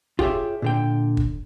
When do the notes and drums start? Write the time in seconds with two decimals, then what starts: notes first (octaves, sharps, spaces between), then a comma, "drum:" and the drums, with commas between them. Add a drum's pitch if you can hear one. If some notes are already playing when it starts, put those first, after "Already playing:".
0.19 F4 G4 G#4 C#5 E5, drum: kick
0.62 A#2 D3 G5
1.17 drum: kick